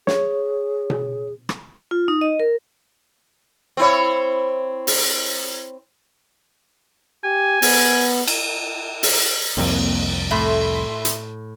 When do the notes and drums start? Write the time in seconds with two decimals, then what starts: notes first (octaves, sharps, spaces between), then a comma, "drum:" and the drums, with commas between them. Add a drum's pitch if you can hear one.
0.07 G#4 C#5, drum: snare
0.90 drum: tom B2
1.49 drum: rim click
1.91 F4
2.08 D#4
2.21 D#5
2.40 A#4
3.77 C4 E4 C#5
4.87 drum: open hi-hat
7.24 G4 G#5
7.62 B3, drum: open hi-hat
8.28 drum: cymbal
9.03 drum: open hi-hat
9.57 C2 F2 A#3 C4, drum: cymbal
10.31 A2 E5 B5 C6
11.05 drum: hi-hat